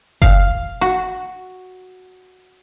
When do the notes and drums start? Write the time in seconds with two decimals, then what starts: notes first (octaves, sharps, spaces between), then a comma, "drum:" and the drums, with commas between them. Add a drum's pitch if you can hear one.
0.22 F5, drum: kick F#1
0.81 F#4